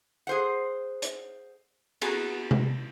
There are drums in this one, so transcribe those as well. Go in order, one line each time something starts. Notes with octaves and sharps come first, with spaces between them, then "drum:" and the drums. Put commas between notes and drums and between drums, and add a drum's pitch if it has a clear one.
G#4 C5 F#5
drum: hi-hat
B3 F#4 G#4 A#5, drum: cymbal
drum: tom C3